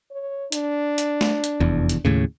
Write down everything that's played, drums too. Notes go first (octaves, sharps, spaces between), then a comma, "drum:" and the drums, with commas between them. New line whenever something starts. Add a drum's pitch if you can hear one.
C#5
D4, drum: hi-hat
drum: hi-hat
drum: snare A3
drum: hi-hat
F1 E2
drum: hi-hat
D#2 A2 C#3